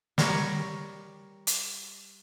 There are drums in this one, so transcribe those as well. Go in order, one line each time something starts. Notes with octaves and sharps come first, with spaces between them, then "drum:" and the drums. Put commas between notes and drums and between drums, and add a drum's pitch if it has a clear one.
G3 A#4 C#5 D5, drum: snare
drum: hi-hat